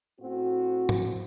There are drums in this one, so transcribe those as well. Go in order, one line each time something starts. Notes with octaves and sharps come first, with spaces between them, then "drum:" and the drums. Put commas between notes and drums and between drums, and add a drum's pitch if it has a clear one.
A2 C4 F#4
drum: tom